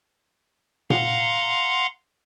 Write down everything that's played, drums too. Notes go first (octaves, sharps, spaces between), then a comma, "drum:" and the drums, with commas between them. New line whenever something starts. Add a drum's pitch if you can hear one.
F5 F#5 A#5 C6, drum: tom A#2